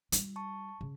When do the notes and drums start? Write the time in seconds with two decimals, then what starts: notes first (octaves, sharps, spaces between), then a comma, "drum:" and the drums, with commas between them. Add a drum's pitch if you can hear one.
0.12 G3 F4, drum: hi-hat
0.36 A5 C#6
0.81 C#3